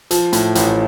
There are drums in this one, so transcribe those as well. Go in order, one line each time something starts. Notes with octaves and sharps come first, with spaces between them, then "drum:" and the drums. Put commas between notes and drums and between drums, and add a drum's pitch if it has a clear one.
F3, drum: hi-hat
A2, drum: hi-hat
A1, drum: hi-hat